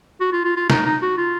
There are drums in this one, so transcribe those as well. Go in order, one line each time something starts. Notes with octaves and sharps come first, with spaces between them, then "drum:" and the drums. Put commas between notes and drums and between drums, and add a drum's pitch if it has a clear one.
F#4
F4
F4
F4
D#4, drum: snare
D#4
F#4
F4